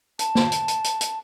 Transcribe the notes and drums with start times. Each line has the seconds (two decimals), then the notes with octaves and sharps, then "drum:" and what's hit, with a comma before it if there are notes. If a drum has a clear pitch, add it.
0.19 A5, drum: hi-hat
0.35 drum: snare
0.52 drum: hi-hat
0.68 drum: hi-hat
0.84 drum: hi-hat
1.01 drum: hi-hat